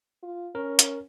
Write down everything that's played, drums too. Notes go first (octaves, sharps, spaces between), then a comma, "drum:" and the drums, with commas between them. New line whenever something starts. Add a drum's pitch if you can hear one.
F4
C#4 A#4
drum: hi-hat